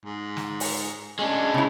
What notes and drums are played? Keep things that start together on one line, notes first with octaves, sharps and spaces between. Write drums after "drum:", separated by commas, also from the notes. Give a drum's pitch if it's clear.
G#2
drum: snare
drum: open hi-hat
G#3 C#4 D4
C#3 E4